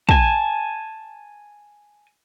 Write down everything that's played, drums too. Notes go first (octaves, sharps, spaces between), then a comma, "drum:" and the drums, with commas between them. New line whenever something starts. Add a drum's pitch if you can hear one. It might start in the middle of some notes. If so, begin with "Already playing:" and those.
G#5 A5, drum: kick